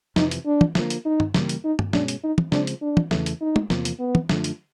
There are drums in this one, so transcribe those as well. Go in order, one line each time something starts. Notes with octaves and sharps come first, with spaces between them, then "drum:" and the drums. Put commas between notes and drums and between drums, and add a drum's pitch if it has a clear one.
F2 C3 E3 D#4, drum: snare
drum: hi-hat
D4
drum: tom
D3 F3 A#3, drum: snare
drum: hi-hat
D#4
drum: tom G2
C#3 E3 G3 A#3, drum: snare
drum: hi-hat
D#4
drum: tom G2
B2 G#3 C#4 D4, drum: snare
drum: hi-hat
D#4
drum: tom
C#3 F3 G#3 C4 D4, drum: snare
drum: hi-hat
D4
drum: tom
E2 C#3 E3 A3, drum: snare
drum: hi-hat
D#4
drum: tom
E2 C3 F3 A#3, drum: snare
drum: hi-hat
B3
drum: tom
F#2 D3 F3 A3, drum: snare
drum: hi-hat